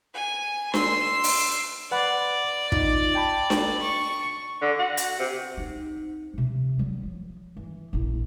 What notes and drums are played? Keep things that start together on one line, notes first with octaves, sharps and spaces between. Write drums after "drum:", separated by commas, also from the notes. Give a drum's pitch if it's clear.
G#5
C6 E6, drum: snare D4
drum: open hi-hat
B4 D5 F#5 B5
D#4 F4, drum: kick
G5 A5 B5
drum: snare D4
C#6
D3
F#4
drum: hi-hat
C3
C4 D#4
C3 F3
F#3 G3
F3
E3
A#1 E4